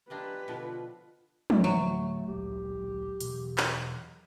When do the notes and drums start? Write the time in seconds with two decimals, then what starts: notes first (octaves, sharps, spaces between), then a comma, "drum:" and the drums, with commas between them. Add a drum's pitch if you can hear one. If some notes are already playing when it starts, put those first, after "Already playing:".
0.10 G#3 A#3 D4 G4 B4
0.48 B2 D3 F3 F4
1.50 drum: tom
1.64 A2 D3 F#3 A3
2.27 D1 A#1 G#3 G4
3.21 B2 E3, drum: hi-hat
3.58 drum: clap